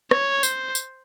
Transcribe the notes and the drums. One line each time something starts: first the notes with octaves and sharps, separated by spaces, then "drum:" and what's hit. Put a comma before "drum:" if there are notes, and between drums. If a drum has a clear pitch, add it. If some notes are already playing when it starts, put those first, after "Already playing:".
C#5, drum: rim click
C5, drum: tambourine
drum: tambourine